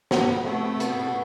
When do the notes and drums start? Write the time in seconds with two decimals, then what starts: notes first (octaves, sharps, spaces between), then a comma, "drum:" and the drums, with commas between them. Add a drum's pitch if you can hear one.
0.11 F3 A3 B3, drum: snare
0.28 B3
0.45 A2 C3 A3
0.77 C3
0.80 B2 B3, drum: hi-hat
0.90 A2 C3
0.98 B2
1.06 A2 C3